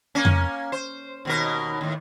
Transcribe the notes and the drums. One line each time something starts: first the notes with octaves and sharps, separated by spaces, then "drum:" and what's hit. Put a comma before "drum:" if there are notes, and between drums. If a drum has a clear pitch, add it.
A#3 C#4
drum: tom F2
C5
D#2 B2 A#4
D#2 A2